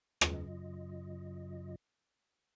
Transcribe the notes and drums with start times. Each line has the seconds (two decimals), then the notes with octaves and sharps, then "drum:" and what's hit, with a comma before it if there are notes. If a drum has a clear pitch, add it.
0.21 F#2 C#3 F#3 F4 D#5, drum: rim click